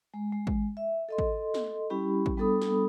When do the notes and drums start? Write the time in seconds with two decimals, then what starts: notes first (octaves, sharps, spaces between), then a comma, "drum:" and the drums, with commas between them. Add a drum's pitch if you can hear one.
0.14 G#3
0.32 G#3
0.47 drum: kick
0.77 E5
1.09 A4 D#5 C6
1.18 drum: kick
1.54 drum: snare
1.90 G3 C#4 E4 G4 B5
2.26 drum: kick
2.37 G3 B3 D4 A4 B5 D#6
2.62 drum: snare